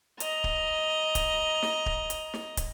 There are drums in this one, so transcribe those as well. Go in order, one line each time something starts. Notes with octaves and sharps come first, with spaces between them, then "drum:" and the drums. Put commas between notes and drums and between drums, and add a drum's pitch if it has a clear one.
D#5 A#5, drum: hi-hat
drum: kick
drum: kick, hi-hat
drum: snare
drum: kick
drum: hi-hat
drum: snare
drum: kick, hi-hat